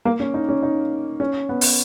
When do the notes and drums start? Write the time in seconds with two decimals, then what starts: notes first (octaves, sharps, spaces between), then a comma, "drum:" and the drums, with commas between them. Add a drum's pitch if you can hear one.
0.05 A#3
0.20 C#4
0.34 D#4
0.49 C#4
0.63 D#4
1.20 C#4
1.49 B3
1.61 drum: open hi-hat